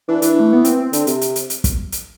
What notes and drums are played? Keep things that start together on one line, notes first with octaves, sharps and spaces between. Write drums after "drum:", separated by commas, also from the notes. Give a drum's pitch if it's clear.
E3 D4
E3, drum: hi-hat
A3
B3
C4, drum: hi-hat
D3, drum: hi-hat
C3, drum: hi-hat
drum: hi-hat
drum: hi-hat
drum: hi-hat
drum: kick, hi-hat
drum: hi-hat